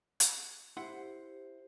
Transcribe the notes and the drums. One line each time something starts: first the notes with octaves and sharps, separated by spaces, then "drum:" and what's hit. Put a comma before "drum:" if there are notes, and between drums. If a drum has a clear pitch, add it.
drum: hi-hat
E4 G4 C5 F#5 C6